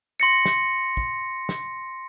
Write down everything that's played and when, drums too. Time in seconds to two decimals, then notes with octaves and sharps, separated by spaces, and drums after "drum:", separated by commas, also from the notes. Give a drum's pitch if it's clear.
0.20 C6 A#6 C#7
0.45 drum: snare
0.97 drum: kick
1.49 drum: snare